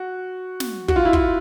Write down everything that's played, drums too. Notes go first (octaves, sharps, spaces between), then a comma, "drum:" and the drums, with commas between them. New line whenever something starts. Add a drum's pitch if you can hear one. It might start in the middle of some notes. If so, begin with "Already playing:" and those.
Already playing: F#4
drum: snare
F#4, drum: kick
F4
E4
F4, drum: kick